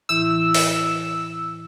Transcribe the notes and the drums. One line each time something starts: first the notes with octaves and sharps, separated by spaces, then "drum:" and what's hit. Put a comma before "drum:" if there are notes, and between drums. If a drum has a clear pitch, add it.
A2 E3 E4 E6
drum: open hi-hat